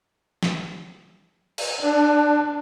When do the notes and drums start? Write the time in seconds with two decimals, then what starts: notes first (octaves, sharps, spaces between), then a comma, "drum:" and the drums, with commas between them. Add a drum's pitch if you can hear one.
0.43 drum: snare
1.58 drum: cymbal
1.81 D4